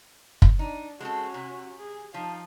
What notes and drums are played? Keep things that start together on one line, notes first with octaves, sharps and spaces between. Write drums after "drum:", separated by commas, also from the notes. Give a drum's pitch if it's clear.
drum: kick
D4 D#4
G#3 C4 C#4 F#4 A4
C3
G#4
F3 D#4 F5